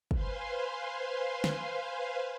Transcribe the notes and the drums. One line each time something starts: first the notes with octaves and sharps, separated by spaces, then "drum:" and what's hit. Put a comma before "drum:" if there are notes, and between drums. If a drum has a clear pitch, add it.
B4 C5 F5 G#5 C6, drum: kick
drum: snare